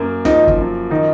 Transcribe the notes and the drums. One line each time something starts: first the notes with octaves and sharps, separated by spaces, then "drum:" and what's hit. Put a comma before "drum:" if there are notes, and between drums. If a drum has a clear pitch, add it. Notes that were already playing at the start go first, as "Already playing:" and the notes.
Already playing: F#2 A#3
F3 D#4, drum: snare
drum: kick
F#2
D#3 D#4